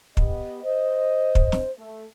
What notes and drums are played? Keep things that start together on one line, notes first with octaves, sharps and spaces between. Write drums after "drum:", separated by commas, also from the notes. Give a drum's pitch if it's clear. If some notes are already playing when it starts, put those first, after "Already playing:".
B3 G4 D#5, drum: kick
C5 D#5
drum: kick
drum: snare
A3